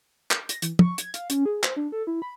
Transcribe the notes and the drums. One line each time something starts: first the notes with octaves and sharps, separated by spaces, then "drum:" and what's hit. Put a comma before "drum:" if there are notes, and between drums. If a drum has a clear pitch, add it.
drum: clap
A#6, drum: hi-hat
E3, drum: hi-hat
C#6, drum: tom
G#6, drum: hi-hat
F5, drum: hi-hat
C#4, drum: hi-hat
G#4
C5, drum: clap
D4
A4
E4
B5